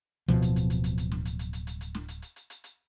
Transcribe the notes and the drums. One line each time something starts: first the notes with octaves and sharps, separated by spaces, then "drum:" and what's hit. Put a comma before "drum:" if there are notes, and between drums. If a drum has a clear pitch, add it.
D1 C2 B2 F3, drum: snare
drum: hi-hat
drum: hi-hat
drum: hi-hat
drum: hi-hat
drum: hi-hat
drum: snare
drum: hi-hat
drum: hi-hat
drum: hi-hat
drum: hi-hat
drum: hi-hat
drum: snare
drum: hi-hat
drum: hi-hat
drum: hi-hat
drum: hi-hat
drum: hi-hat